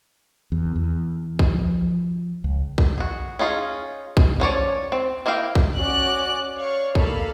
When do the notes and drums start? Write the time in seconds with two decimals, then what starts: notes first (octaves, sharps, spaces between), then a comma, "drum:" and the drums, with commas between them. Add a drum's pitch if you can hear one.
0.52 E2
0.76 E2
1.39 drum: kick A#1
1.54 F3
2.44 C#2
2.78 drum: kick A#1
2.98 F#4 G#4
3.39 C#4 D#4 F4 G#4
4.17 drum: kick A#1
4.40 F3 C#4 C#5 D5
4.92 C4
5.26 A#3 E4 D#5 F5 G5
5.55 drum: kick A#1
5.76 C#4 F#4 D5 D6 F#6
6.55 C#5 D5 F5 C#6
6.95 A#3 A4 F5 B5, drum: kick A#1